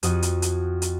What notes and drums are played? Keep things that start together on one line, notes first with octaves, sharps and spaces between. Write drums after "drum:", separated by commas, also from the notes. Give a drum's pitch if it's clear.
F2 F#4 D#6, drum: hi-hat
drum: hi-hat
drum: hi-hat
drum: hi-hat